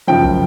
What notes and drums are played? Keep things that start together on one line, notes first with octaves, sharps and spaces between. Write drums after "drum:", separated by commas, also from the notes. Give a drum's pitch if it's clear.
F#2 C#3 F3 G5
drum: kick